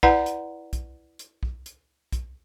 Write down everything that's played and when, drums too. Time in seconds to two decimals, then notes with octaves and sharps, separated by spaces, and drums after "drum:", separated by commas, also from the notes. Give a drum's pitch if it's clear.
0.03 E4 B4 D5 F#5 A#5, drum: kick
0.26 drum: hi-hat
0.73 drum: kick, hi-hat
1.19 drum: hi-hat
1.43 drum: kick
1.66 drum: hi-hat
2.12 drum: kick, hi-hat